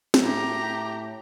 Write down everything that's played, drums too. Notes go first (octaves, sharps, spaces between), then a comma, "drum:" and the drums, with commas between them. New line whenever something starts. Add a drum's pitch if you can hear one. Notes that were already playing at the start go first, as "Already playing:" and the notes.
drum: snare
A2 G4 A#5